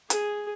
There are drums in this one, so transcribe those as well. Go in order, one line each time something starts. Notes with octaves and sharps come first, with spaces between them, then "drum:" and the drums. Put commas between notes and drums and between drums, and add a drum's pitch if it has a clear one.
G#4, drum: hi-hat